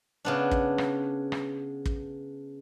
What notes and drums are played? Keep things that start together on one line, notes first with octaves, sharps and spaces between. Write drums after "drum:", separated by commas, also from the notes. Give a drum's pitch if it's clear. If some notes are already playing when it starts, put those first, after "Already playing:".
C#3 B3 D4
drum: kick
drum: rim click
drum: rim click
drum: kick